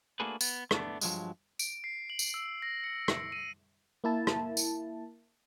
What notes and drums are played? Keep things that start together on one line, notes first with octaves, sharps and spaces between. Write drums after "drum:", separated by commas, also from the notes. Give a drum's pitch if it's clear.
A3 A#3 D4 F#4 G#4 B4
B3, drum: tambourine
A3 B3 D4, drum: rim click
G2 F3 F#3 G#3, drum: tambourine
D7, drum: tambourine
C7
F#7
drum: tambourine
E6
A#6
C#7
drum: rim click
D#7
A#3 E4 A5
drum: rim click
drum: tambourine